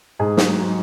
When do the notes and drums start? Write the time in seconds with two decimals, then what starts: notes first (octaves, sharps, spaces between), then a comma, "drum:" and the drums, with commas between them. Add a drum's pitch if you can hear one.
0.19 G#2 G#4
0.37 drum: snare
0.47 F#3